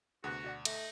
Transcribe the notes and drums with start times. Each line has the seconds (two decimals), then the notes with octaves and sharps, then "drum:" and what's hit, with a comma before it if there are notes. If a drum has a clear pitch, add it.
0.24 D2 C3 B3 F#4 G#4 F#6
0.44 B2 D5 F#5
0.65 A3 D#4, drum: cymbal